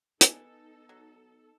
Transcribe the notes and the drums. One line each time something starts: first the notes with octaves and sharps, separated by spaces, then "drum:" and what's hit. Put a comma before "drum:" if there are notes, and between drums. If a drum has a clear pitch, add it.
B3 D#4 A4 G#5, drum: hi-hat
F#3